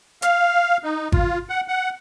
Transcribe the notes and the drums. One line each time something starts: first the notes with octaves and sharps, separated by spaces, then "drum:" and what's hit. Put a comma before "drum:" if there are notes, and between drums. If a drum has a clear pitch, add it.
F5, drum: hi-hat
D#4
F4, drum: kick G#1
F#5
F#5